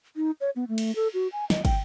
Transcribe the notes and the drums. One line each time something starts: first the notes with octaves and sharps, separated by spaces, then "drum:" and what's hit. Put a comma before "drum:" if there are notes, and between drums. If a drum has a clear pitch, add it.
D#4
C#5
B3
A3
drum: cymbal
A4
F#4
G#5
D#5, drum: snare
G5, drum: kick, cymbal